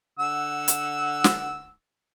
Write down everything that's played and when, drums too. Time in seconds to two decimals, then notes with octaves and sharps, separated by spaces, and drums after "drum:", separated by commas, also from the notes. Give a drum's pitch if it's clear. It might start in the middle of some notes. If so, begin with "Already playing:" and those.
0.19 D3 F#5 E6
0.68 drum: hi-hat
1.24 drum: snare